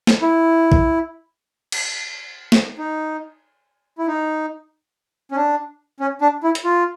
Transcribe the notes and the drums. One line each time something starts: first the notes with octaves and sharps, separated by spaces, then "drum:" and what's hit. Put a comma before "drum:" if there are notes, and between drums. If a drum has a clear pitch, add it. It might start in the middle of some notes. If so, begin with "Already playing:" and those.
drum: snare
E4
drum: kick
drum: cymbal
drum: snare
D#4
E4
D#4
C#4
D4
C#4
D4
E4
drum: hi-hat
F4